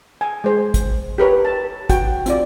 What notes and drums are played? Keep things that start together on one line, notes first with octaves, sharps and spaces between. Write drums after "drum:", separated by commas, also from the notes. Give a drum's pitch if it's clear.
G#5
G#3 C5
drum: kick, hi-hat
G4 A#4 B4 C#5
A5
F#4 G5, drum: kick, hi-hat
C4 F4 D5, drum: hi-hat